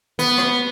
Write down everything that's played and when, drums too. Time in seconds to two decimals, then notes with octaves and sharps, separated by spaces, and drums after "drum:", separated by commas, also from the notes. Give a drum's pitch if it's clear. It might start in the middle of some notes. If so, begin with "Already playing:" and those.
0.19 B3, drum: hi-hat
0.38 drum: rim click